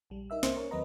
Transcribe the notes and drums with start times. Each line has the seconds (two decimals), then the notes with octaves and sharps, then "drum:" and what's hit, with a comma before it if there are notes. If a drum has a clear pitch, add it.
0.10 A#1 G3
0.30 D#4 A#4 E5 E6
0.43 C2 A#3 C5 E5 C6 C#7, drum: snare
0.56 C#4 A#4 C#5
0.71 D#2 F#3 C4 B4 D#5 A#5